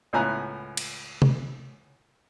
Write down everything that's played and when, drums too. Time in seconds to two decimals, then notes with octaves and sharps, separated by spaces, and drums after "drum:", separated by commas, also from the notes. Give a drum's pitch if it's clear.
0.13 C#2 A2 B3 G#5 A#5 F#6
0.77 drum: cymbal
1.22 drum: tom C3